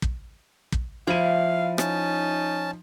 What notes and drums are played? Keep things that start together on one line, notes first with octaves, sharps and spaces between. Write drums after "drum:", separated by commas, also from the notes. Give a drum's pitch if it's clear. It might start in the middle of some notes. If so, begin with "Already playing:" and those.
drum: kick
drum: kick
F3 E4 F5 D#7
C#4 D#4 A5, drum: rim click